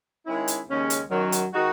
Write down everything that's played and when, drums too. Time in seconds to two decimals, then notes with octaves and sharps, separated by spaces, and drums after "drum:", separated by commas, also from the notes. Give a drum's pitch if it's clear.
0.26 D#3 G#3 C#4 E4
0.48 drum: hi-hat
0.69 D#2 C#3 G#3 C#4
0.90 drum: hi-hat
1.11 F#2 D#3 F#3
1.32 drum: hi-hat
1.53 D#3 G#3 D#4 F#4